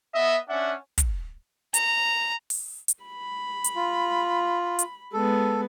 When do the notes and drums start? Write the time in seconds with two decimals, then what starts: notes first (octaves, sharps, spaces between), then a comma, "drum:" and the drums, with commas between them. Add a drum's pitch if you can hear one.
0.15 B3 D#5 E5
0.49 C#4 D4 E5 F#5
0.98 drum: kick, hi-hat
1.74 A#5, drum: hi-hat
2.50 drum: open hi-hat
2.88 drum: hi-hat
3.04 B5
3.64 drum: hi-hat
3.76 F4
4.79 drum: hi-hat
5.13 G#3 B3 A4